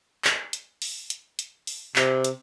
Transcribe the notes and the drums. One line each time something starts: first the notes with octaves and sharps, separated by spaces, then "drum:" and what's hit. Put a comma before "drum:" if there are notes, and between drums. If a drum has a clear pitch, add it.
drum: clap
drum: hi-hat
drum: open hi-hat
drum: hi-hat
drum: hi-hat
drum: open hi-hat
C3, drum: clap
drum: hi-hat